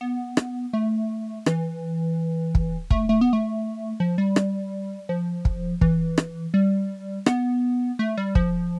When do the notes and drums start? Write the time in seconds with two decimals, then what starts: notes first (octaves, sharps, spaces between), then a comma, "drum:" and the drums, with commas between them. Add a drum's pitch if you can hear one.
0.01 B3
0.37 drum: rim click
0.73 A3
1.46 E3, drum: rim click
2.55 drum: kick
2.90 A3, drum: kick
3.09 A3
3.21 B3
3.33 A3
4.00 F3
4.18 G3
4.36 drum: rim click
5.09 F3
5.45 drum: kick
5.81 E3, drum: kick
6.18 drum: rim click
6.54 G3
7.26 B3, drum: rim click
7.99 A3
8.17 G3
8.35 F3, drum: kick